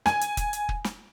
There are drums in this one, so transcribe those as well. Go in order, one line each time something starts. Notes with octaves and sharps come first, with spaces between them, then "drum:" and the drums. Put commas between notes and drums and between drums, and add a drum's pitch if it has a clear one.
G#5, drum: snare
drum: hi-hat
drum: kick, hi-hat
drum: hi-hat
drum: kick
drum: snare